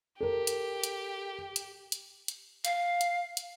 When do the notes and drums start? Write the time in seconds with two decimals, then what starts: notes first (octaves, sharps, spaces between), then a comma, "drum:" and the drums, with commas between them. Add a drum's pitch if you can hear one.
0.21 G4 A4 A#4
0.47 drum: hi-hat
0.84 drum: hi-hat
1.56 drum: hi-hat
1.92 drum: hi-hat
2.28 drum: hi-hat
2.65 F5, drum: hi-hat
3.01 drum: hi-hat
3.37 drum: hi-hat